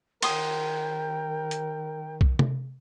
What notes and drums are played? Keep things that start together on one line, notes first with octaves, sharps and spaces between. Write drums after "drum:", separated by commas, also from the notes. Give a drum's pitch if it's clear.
D#3 A#4 G5 C6 D#6, drum: cymbal
drum: hi-hat
drum: kick
drum: tom C3